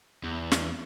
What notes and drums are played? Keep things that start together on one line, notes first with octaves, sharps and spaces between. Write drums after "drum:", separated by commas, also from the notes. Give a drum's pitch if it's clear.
E2
drum: snare